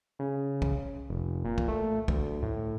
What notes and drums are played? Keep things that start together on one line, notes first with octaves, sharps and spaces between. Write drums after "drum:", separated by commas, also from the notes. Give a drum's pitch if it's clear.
C#3
drum: kick
F1
A#2
drum: kick
A3
D2, drum: kick
A2